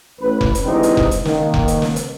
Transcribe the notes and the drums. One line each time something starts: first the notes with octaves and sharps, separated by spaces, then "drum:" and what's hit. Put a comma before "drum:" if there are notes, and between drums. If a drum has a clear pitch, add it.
A1 B4
drum: kick F1
drum: hi-hat
D3 E3 G#3 C4 D#4 G4
drum: hi-hat
drum: kick F1
drum: hi-hat
D#3 A#3, drum: snare
drum: kick F1
drum: hi-hat
drum: snare
drum: hi-hat